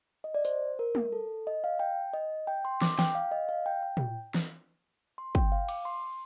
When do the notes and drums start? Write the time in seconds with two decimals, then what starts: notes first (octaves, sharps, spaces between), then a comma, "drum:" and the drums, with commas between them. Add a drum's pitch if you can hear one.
0.24 D#5
0.34 D5
0.45 C5, drum: hi-hat
0.79 A#4
0.95 drum: tom
1.12 A4
1.47 D#5
1.64 F5
1.79 G5
2.14 D#5
2.47 G5
2.65 C6
2.82 D6, drum: snare
2.99 G5, drum: snare
3.15 F5
3.32 D#5
3.49 F5
3.66 G5
3.83 G5
3.97 drum: tom
4.34 drum: snare
5.18 C6
5.35 G5, drum: kick
5.52 F5
5.69 D6, drum: cymbal
5.85 C6